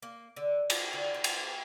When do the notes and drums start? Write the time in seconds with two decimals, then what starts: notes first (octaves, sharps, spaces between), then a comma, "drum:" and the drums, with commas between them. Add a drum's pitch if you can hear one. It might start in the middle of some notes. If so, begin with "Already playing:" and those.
0.03 A#3
0.36 D3
0.70 F4, drum: cymbal
0.93 D3
1.14 C5
1.24 drum: cymbal